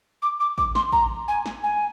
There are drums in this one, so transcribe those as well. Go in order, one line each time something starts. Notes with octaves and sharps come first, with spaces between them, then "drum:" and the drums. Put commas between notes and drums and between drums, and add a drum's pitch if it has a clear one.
D6
D6
D6, drum: kick
C6, drum: snare
A#5, drum: kick
G#5
drum: snare
G#5